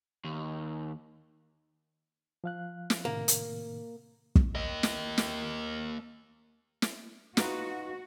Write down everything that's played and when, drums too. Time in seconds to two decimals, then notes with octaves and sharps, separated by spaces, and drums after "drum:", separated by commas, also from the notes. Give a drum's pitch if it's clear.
0.24 D#2
2.44 F3 F5 F#6
2.90 drum: snare
3.05 A2 C3 D#3 A#3
3.28 drum: hi-hat
4.35 drum: kick
4.55 A#3 D#5
4.83 drum: snare
5.18 drum: snare
6.82 drum: snare
7.37 D#4 F4 F#4 B4, drum: snare